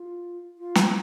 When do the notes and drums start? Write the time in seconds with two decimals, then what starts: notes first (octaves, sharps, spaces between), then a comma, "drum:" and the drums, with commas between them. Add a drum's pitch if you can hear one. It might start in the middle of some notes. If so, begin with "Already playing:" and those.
Already playing: F4
0.59 F4
0.75 drum: snare